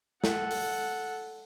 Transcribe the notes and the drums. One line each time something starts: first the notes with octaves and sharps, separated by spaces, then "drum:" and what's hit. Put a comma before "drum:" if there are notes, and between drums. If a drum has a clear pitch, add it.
A4 F#5, drum: snare
drum: open hi-hat